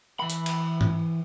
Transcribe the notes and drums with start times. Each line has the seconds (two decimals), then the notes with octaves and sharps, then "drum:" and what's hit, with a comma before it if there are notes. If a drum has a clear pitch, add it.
0.20 E3 B5
0.30 drum: hi-hat
0.46 drum: cymbal
0.81 drum: tom G#2